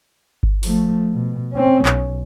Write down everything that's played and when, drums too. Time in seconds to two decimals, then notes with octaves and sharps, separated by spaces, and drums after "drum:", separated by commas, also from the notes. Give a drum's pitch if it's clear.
0.43 drum: kick G1
0.63 F3 A3, drum: open hi-hat
1.13 B2
1.53 C4 C#4
1.85 B1, drum: clap